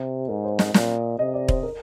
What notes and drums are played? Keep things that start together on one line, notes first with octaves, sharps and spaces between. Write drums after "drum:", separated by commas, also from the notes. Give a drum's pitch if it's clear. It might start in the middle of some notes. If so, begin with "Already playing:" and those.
Already playing: C3 G4
G#2 A#4
C5
D#5, drum: snare
A#2, drum: snare
C3 D#5
D5
C5, drum: kick E1
A#4